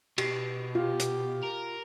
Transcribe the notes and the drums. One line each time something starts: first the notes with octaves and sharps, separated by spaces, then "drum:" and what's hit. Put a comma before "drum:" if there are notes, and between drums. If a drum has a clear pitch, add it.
B2 G4, drum: cymbal
F4 G4
drum: hi-hat
A#4